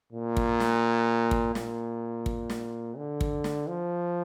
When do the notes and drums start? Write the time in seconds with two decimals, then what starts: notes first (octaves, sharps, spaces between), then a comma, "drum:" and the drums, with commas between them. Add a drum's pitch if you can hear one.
0.13 A#2
0.37 drum: kick
0.60 drum: snare
1.31 drum: kick
1.55 A#2, drum: snare
2.26 drum: kick
2.50 drum: snare
2.97 D3
3.21 drum: kick
3.44 drum: snare
3.67 F3